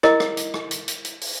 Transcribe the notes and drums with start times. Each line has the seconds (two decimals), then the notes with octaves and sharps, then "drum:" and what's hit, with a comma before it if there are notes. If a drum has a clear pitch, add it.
0.03 E4 A#4 D#5, drum: rim click
0.20 drum: rim click
0.37 drum: hi-hat
0.54 drum: rim click
0.71 drum: hi-hat
0.88 drum: hi-hat
1.05 drum: hi-hat
1.21 drum: open hi-hat